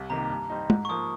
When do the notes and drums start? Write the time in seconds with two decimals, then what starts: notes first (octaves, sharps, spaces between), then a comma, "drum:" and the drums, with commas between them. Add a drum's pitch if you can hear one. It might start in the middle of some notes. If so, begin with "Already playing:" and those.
Already playing: C2
0.10 C3 D#3 A#3 A#5
0.30 G2
0.50 G3 C4 D#4
0.70 G#2, drum: tom
0.85 C#6
0.89 F3 A#3 D#6